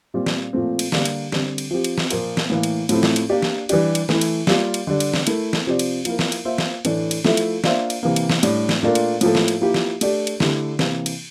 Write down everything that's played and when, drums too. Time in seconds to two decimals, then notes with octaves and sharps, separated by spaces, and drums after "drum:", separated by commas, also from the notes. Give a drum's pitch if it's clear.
0.14 A#2 G3 C4 F4
0.26 drum: snare
0.53 A#2 F3 A3 C4
0.79 drum: cymbal
0.92 D3 G3 A#3 D4 G4, drum: snare
1.05 drum: cymbal
1.32 D3 G3 C4, drum: snare
1.58 drum: cymbal
1.71 F3 C4 G4
1.84 drum: cymbal
1.98 drum: snare
2.10 A#2 F3 A#3 F4 A#4, drum: cymbal
2.37 drum: snare
2.50 A2 E3 A#3
2.63 drum: cymbal
2.89 A2 F3 A3 C4 E4, drum: cymbal
3.03 drum: snare
3.16 drum: cymbal
3.29 A#3 D4 G4 D5
3.42 drum: snare
3.69 E3 G3 D4 G4, drum: cymbal
3.95 drum: cymbal
4.09 E3 A3 E4, drum: snare
4.21 drum: cymbal
4.47 G3 A#3 F4, drum: snare
4.74 drum: cymbal
4.87 D3 G3 D4
5.00 drum: cymbal
5.14 drum: snare
5.27 A3 E4 A#4, drum: cymbal
5.53 drum: snare
5.67 C3 F3 C4 G4 D5
5.79 drum: cymbal
6.05 F3 A#3 E4 A#4, drum: cymbal
6.19 drum: snare
6.32 drum: cymbal
6.45 A#3 F4 C5 E5
6.58 drum: snare
6.85 A2 E3 A3 D4, drum: cymbal
7.11 drum: cymbal
7.24 F3 A3 E4 A4 E5, drum: snare
7.37 drum: cymbal
7.64 A#3 D4 F4 C5 E5, drum: snare
7.90 drum: cymbal
8.03 C3 E3 A#3
8.16 drum: cymbal
8.30 drum: snare
8.43 A2 G3 D4, drum: cymbal
8.69 drum: snare
8.83 A#2 A3 D4 F4 A#4
8.95 drum: cymbal
9.21 A2 F3 A#3 E4 A4, drum: cymbal
9.35 drum: snare
9.48 drum: cymbal
9.61 F3 A#3 E4 G4
9.74 drum: snare
10.01 A3 D4 G4 D5, drum: cymbal
10.27 drum: cymbal
10.40 D3 A3 E4 G4, drum: snare
10.79 C3 E3 A#3, drum: snare
11.06 drum: cymbal